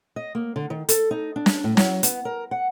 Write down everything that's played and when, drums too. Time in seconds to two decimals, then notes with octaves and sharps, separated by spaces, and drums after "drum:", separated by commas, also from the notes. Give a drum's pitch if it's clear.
0.16 D#5
0.35 A#3
0.56 D3
0.70 D#3
0.89 A4, drum: hi-hat
1.11 D#4
1.36 D4
1.46 drum: snare
1.64 A2
1.77 F#3, drum: snare
2.03 B3, drum: hi-hat
2.25 A#4
2.51 F#5